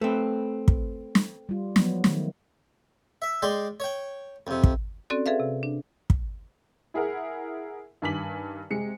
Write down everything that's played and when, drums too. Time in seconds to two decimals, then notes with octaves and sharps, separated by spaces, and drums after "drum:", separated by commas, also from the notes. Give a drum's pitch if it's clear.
0.01 A3 C4 B4
0.68 drum: kick
1.15 drum: snare
1.49 G3 F4
1.76 F3 F#3 B3, drum: snare
2.04 D#3 A3, drum: snare
3.22 E5
3.42 G#3 D5 G5 C6
3.80 C#5 G5
4.47 F2 C3
4.64 drum: kick
5.10 C4 C#4 F#4 A4 D5
5.26 G#4 A4 B4 E5 F5
5.40 C3
5.63 D4
6.10 drum: kick
6.94 E4 G#4 A#4 F#5
8.02 G2 D#3 G#5 D6 B6 F#7
8.70 C3 G#3 C#7